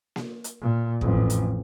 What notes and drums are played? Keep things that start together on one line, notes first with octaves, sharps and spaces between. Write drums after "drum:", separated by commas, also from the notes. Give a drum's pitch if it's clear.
drum: snare A#3
drum: hi-hat
A#2
A1 F2, drum: kick
drum: hi-hat